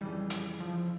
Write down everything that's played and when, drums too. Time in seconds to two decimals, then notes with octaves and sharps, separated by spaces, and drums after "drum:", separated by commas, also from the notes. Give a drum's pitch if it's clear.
0.01 F2 C#3 E3 G3
0.30 drum: hi-hat
0.60 F3